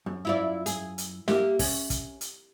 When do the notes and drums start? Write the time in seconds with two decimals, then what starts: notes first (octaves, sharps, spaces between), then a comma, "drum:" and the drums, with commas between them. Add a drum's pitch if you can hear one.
0.06 F#2
0.25 E4 F4 D5
0.66 G#4, drum: hi-hat
0.98 drum: hi-hat
1.28 A#3 G4 E5, drum: snare
1.59 C#4, drum: kick, open hi-hat
1.90 drum: kick, hi-hat
2.21 drum: hi-hat